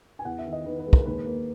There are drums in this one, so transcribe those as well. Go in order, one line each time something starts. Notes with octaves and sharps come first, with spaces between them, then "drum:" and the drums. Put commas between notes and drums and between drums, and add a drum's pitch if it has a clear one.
G#5
E2 F#5
E5
D#3
D#5
D#3 B4
B4
G#3
A#4, drum: kick
D#2 B4
A#3